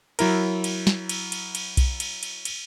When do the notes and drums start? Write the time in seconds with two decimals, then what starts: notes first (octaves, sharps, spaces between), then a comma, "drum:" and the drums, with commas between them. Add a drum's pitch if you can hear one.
0.19 F#3 E4 A#4, drum: cymbal
0.64 drum: cymbal
0.87 drum: snare
1.09 drum: cymbal
1.32 drum: cymbal
1.55 drum: cymbal
1.77 drum: kick B1, cymbal
2.00 drum: cymbal
2.23 drum: cymbal
2.45 drum: cymbal